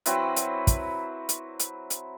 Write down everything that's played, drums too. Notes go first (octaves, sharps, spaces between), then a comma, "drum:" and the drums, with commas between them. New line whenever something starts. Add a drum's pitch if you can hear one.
F#3 C4 E4 B4, drum: hi-hat
drum: hi-hat
drum: kick, hi-hat
drum: hi-hat
drum: hi-hat
drum: hi-hat